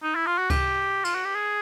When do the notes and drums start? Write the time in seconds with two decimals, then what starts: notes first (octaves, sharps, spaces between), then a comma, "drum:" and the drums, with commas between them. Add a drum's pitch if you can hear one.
0.03 D#4
0.15 E4
0.27 F4
0.38 F#4
0.50 G4, drum: kick C#2, cymbal
1.05 F4, drum: cymbal
1.15 F#4
1.25 G4
1.35 G#4